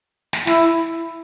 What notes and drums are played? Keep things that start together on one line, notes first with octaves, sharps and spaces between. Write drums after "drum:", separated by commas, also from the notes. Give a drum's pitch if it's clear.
drum: snare
E4, drum: snare